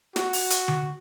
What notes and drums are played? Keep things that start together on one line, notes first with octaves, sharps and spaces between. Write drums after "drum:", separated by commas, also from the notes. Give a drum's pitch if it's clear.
F#4, drum: snare
drum: open hi-hat
drum: hi-hat
drum: tom D3